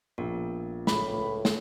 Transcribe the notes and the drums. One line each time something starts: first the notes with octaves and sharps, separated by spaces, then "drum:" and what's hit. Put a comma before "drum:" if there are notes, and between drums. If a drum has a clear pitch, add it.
A#1 B3 F4 A#4
C#2 A2 B5, drum: snare
drum: snare